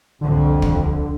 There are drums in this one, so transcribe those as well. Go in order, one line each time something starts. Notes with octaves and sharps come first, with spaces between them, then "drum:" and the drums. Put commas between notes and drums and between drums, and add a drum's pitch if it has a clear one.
C2 F2 D3
drum: kick